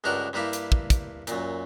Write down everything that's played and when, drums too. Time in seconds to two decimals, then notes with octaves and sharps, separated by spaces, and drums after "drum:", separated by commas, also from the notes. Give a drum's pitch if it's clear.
0.04 C#2 G2 D4 A#4 F#5 G5
0.33 G2 G3 A#3 E4 G4
0.53 drum: hi-hat
0.72 drum: kick
0.90 drum: kick, hi-hat
1.27 F#2 A#2, drum: hi-hat